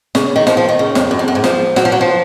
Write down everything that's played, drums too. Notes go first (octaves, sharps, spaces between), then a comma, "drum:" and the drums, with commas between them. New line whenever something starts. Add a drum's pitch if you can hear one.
C#3, drum: snare
D#3
F3, drum: snare
F3
D#3
C#3
F2, drum: snare
F#2
F2
F#2
G#2
F3, drum: snare
F#3, drum: snare
F3
F#3
F3